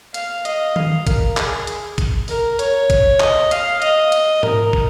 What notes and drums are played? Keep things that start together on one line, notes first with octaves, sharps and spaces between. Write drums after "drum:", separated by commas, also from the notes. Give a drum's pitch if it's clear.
F5, drum: hi-hat
D#5, drum: hi-hat
F5, drum: tom D#3
A#4, drum: kick, hi-hat
G#4, drum: clap
drum: hi-hat
drum: kick, hi-hat
A#4, drum: open hi-hat
C#5, drum: hi-hat
drum: kick, hi-hat
D#5, drum: clap
F5, drum: hi-hat
D#5, drum: hi-hat
drum: hi-hat
A#4, drum: tom G#2
drum: kick